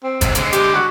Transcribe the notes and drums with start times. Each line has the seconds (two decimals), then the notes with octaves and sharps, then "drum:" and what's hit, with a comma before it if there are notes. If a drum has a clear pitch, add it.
0.03 C4
0.21 G#2 C3, drum: kick, hi-hat
0.35 D3 G#3, drum: hi-hat
0.53 G4, drum: hi-hat
0.75 F#4